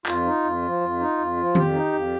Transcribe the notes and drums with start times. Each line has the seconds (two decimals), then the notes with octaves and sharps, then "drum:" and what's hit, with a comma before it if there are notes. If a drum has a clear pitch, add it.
0.06 F2 F4, drum: clap
0.25 D#4
0.44 F2
0.62 F3
0.81 F2
1.00 D#4
1.18 F2
1.37 F3
1.55 F2 G4, drum: tom D#3
1.74 D#4
1.93 F2